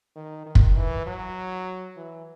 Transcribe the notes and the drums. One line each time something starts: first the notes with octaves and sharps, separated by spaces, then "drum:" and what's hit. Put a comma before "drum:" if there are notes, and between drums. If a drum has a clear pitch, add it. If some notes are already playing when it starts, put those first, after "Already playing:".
D#3
D#3
drum: kick
E3
F#3
E3